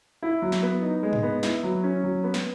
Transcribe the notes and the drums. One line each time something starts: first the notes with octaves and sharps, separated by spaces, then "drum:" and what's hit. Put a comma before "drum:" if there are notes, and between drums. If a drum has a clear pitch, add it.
E4
F#3
drum: snare
B3
D#4
G#3
drum: tom G#2
B3
E4, drum: snare
F#3
C#4
F#3
B3
drum: snare